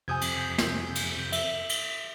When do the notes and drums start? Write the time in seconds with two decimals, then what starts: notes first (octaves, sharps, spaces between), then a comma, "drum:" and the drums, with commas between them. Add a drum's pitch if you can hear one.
0.08 F2 C3 G#5 D#6 G6 G#6
0.21 drum: cymbal
0.58 drum: snare
0.95 drum: cymbal
1.32 E5, drum: cymbal
1.69 drum: cymbal